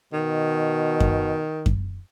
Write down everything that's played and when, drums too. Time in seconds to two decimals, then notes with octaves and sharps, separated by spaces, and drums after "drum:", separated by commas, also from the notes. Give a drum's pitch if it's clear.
0.13 B2 D#3
1.00 drum: kick F#2
1.66 drum: kick F#2